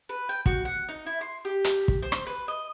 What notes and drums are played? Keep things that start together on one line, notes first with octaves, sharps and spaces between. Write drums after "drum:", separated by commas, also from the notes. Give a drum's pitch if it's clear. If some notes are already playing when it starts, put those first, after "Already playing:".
B4
G5
F#4, drum: kick
F#5
D#4
E4
C6
G4
drum: hi-hat
drum: kick
C5
drum: rim click
B4
D#5